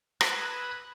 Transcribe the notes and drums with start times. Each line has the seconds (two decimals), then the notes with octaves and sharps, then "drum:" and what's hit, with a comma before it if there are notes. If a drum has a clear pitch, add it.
0.21 B4 B5 D#6 E6 F#6 G#6, drum: rim click